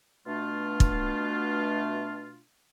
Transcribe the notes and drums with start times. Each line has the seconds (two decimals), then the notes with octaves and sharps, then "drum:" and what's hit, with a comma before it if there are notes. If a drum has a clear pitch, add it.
0.27 B2 A3 D4 F4
0.80 drum: kick